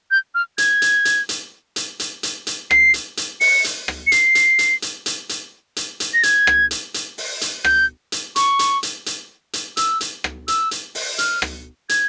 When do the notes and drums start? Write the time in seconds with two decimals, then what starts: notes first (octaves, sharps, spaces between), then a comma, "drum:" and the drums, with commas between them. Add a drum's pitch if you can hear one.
0.11 G6
0.35 F6
0.58 G#6, drum: hi-hat
0.82 drum: hi-hat
1.05 drum: hi-hat
1.29 drum: hi-hat
1.76 drum: hi-hat
2.00 drum: hi-hat
2.23 drum: hi-hat
2.47 drum: hi-hat
2.71 C7, drum: rim click
2.94 drum: hi-hat
3.17 drum: hi-hat
3.41 C#7, drum: open hi-hat
3.64 drum: hi-hat
3.88 drum: rim click
4.07 C#7
4.12 C7, drum: hi-hat
4.35 drum: hi-hat
4.59 drum: hi-hat
4.82 drum: hi-hat
5.06 drum: hi-hat
5.29 drum: hi-hat
5.76 drum: hi-hat
6.00 drum: hi-hat
6.14 A#6
6.23 G#6, drum: hi-hat
6.47 drum: rim click
6.71 drum: hi-hat
6.94 drum: hi-hat
7.18 drum: open hi-hat
7.41 drum: hi-hat
7.64 G6, drum: rim click
8.12 drum: hi-hat
8.36 C#6, drum: hi-hat
8.59 drum: hi-hat
8.83 drum: hi-hat
9.06 drum: hi-hat
9.53 drum: hi-hat
9.77 E6, drum: hi-hat
10.01 drum: hi-hat
10.24 drum: rim click
10.48 E6, drum: hi-hat
10.71 drum: hi-hat
10.95 drum: open hi-hat
11.18 F6, drum: hi-hat
11.42 drum: rim click
11.89 G#6, drum: hi-hat